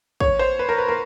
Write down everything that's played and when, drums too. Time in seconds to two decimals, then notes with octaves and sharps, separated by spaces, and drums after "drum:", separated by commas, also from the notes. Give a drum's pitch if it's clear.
0.20 C#5, drum: kick
0.39 C5
0.59 B4
0.69 A#4
0.78 B4
0.88 A#4